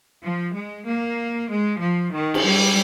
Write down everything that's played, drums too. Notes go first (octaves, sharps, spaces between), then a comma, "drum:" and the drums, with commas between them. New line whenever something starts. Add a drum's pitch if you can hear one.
F3
G#3
A#3
G#3
F3
D#3
drum: cymbal
G3